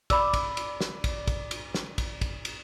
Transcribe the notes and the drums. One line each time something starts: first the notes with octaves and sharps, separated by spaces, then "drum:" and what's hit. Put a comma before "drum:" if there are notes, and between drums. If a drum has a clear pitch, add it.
D5 B5 E6, drum: kick, cymbal
drum: kick, cymbal
drum: cymbal
drum: snare
drum: kick, cymbal
drum: kick, cymbal
drum: cymbal
drum: snare
drum: kick, cymbal
drum: kick, cymbal
drum: cymbal